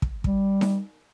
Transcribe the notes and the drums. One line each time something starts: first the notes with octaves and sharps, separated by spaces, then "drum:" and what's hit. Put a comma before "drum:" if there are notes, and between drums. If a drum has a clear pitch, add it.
drum: kick
G3, drum: kick
drum: snare D#4